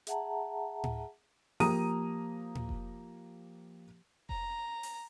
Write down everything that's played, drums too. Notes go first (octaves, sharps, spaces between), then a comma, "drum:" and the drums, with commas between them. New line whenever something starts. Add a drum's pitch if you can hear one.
G#4 E5 F#5 A5 A#5, drum: hi-hat
drum: tom A2
F3 A#3 G4 A#5 D#6 D#7, drum: open hi-hat
drum: tom A2
drum: kick F1
A#5, drum: kick F1
drum: open hi-hat